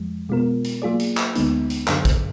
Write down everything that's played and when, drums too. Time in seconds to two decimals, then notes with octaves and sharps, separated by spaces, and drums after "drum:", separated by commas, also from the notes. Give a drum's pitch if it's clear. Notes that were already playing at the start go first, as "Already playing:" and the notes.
Already playing: F2 F3 G#3
0.29 B2 G#3 B3 F4 A#4
0.64 drum: hi-hat
0.82 F#3 A#3 F4 G#4 D5
1.00 drum: hi-hat
1.17 drum: clap
1.35 D2 D3 G#3 B3 D#4, drum: hi-hat
1.70 drum: hi-hat
1.88 F#2 D3 F#3 D4 G#4, drum: clap
2.05 drum: kick, hi-hat